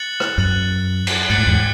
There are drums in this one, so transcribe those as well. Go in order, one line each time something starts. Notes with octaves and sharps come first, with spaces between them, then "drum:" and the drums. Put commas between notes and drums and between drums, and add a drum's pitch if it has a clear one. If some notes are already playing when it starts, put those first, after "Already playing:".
Already playing: F#6 A6 C#7 F#7
drum: rim click
F#2 F#6 A6 C#7 F#7
drum: cymbal
G#2 F#6 A6 C#7 F#7
A2
E2 G#2